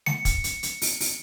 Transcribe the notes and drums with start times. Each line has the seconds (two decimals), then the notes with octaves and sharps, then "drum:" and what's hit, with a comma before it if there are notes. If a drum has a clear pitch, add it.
0.06 C#7, drum: snare G#3
0.25 drum: kick, hi-hat
0.44 drum: hi-hat
0.63 drum: hi-hat
0.82 drum: open hi-hat
1.00 drum: open hi-hat